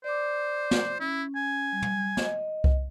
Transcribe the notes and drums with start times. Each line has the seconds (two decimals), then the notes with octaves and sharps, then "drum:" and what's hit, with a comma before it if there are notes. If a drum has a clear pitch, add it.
0.04 C5 D5 D6
0.71 drum: snare
1.00 C#4 E4
1.36 G#5
1.73 G3
1.82 drum: tom
2.17 D#5, drum: snare
2.64 drum: kick C2